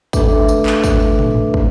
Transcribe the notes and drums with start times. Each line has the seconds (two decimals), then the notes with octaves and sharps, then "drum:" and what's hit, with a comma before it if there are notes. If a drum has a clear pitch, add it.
0.13 A3 D4 A4 B4 E5 D6, drum: kick, tambourine
0.48 drum: tambourine
0.66 drum: clap
0.84 drum: kick, tambourine
1.19 drum: tom
1.54 drum: kick